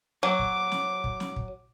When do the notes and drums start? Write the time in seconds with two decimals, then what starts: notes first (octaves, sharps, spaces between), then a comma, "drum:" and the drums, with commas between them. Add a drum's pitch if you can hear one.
0.23 F#3 D6
0.39 drum: kick
0.72 drum: snare
1.04 drum: kick
1.20 drum: snare
1.36 drum: kick